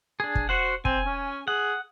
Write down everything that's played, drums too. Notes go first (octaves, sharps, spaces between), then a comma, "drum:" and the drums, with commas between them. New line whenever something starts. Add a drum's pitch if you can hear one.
D4 G#4
drum: kick
F#4 C5 F#5
C4 G#5, drum: kick
C#4
G#4 F#5